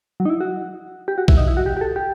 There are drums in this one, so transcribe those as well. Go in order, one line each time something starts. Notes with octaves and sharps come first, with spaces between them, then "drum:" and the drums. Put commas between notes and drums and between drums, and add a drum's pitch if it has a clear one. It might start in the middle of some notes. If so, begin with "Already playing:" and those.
F#3
D#4
E4
F#4
G4
F#4
E4, drum: kick
D#4
E4
F#4
G4
G4
A4
G4